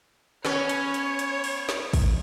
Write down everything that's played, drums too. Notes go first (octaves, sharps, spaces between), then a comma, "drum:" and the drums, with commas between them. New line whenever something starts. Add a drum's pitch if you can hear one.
B3 C#4 C#5, drum: snare
drum: hi-hat
drum: hi-hat
drum: hi-hat
drum: open hi-hat
drum: snare
drum: kick, open hi-hat